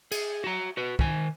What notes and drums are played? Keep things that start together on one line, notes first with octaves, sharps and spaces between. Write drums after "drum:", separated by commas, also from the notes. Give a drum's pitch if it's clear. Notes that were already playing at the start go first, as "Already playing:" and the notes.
G#4, drum: cymbal
F#4 A#5
F#4 B4
D#3 G#5, drum: kick